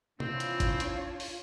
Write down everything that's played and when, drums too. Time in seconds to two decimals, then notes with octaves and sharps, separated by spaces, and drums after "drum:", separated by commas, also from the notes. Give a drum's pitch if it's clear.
0.20 E3 C4 D4 F4 C#5, drum: tom
0.40 drum: hi-hat
0.60 drum: kick G#1, hi-hat
0.80 drum: hi-hat
1.20 drum: open hi-hat